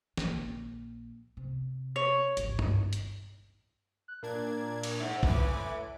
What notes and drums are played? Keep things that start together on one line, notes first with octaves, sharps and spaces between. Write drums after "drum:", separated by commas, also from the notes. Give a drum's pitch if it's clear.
A#1 A#3, drum: snare
C3
C#5
G#1 C#2, drum: hi-hat
drum: tom G2
drum: hi-hat
F#6
A#2 D4 A#4 G#6
drum: cymbal
G#2 E5
A2 B4 G#5 D6, drum: kick